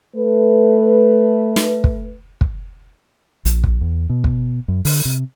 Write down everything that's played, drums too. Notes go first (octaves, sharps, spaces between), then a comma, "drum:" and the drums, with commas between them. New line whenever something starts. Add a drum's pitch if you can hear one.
A3 B4
drum: snare
drum: kick
drum: kick
A#1, drum: hi-hat
drum: kick
E2
B2
drum: kick
F#2
D3, drum: open hi-hat
C3